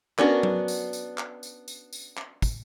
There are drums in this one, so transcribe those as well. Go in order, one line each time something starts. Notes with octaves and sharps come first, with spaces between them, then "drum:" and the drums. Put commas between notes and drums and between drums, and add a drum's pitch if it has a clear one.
B3 C#4 D4 F#4 A#4, drum: clap
drum: tom F#3
drum: tambourine
drum: tambourine
drum: clap
drum: tambourine
drum: tambourine
drum: tambourine
drum: clap
drum: kick, tambourine